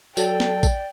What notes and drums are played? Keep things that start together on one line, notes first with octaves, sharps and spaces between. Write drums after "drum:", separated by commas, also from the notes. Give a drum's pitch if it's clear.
F#3 A4 D5 G5, drum: tambourine
drum: snare
drum: kick A1, tambourine